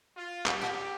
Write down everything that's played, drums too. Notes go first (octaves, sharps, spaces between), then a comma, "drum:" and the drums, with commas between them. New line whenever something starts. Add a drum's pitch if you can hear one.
F4
A#2 G4, drum: clap
A#2